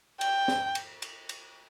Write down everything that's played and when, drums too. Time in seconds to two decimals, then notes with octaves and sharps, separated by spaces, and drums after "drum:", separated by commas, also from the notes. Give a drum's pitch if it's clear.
0.21 G5, drum: cymbal
0.48 drum: snare
0.75 drum: cymbal
1.02 drum: cymbal
1.29 drum: cymbal